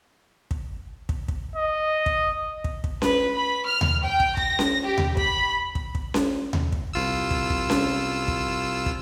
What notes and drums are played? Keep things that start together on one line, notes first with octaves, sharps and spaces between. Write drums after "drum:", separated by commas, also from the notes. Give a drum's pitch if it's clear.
drum: kick
drum: kick
drum: kick
D#5
drum: kick
drum: kick
drum: kick
B4, drum: snare C#4
B5
F6
drum: tom D#2
G5
drum: kick
A#6, drum: kick
drum: snare C#4
G4
drum: tom D#2
B5, drum: kick
drum: kick
drum: kick
drum: snare C#4
drum: tom D#2
drum: kick
C2 F4 E6
drum: kick
drum: kick
drum: snare C#4
drum: kick
drum: kick